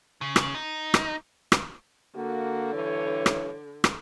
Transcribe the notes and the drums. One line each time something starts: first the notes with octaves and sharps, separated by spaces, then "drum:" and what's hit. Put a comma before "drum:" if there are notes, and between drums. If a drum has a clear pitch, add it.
C#3
drum: rim click
D#4
drum: rim click
drum: rim click
D3 A#3 F#4
G2 E3 C#5
drum: rim click
drum: rim click